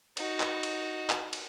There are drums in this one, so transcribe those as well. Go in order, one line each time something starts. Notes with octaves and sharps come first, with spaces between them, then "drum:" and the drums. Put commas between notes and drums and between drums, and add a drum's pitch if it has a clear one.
D#4 F#4, drum: cymbal
drum: clap
drum: cymbal
drum: clap
drum: cymbal